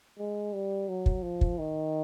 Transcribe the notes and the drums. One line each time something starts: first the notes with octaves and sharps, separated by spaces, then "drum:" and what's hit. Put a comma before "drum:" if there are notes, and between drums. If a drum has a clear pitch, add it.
G#3
G3
F#3
drum: kick
F3
drum: kick
D#3